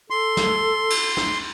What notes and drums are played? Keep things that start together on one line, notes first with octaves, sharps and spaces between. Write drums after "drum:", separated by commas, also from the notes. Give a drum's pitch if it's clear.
A4 C6
drum: snare
drum: cymbal
drum: snare